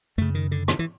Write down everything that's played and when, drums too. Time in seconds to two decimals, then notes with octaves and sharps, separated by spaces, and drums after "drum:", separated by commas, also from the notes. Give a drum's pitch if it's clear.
0.18 F#2 C#3 A3
0.35 D#3
0.51 D3
0.68 D#3, drum: rim click
0.79 E3